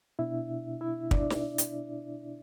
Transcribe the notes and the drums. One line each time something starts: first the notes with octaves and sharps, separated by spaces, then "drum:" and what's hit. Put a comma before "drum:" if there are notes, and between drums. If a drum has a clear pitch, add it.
B2 B3 D4 E4 E5
E4 E5
D4 D5, drum: kick
drum: snare
drum: hi-hat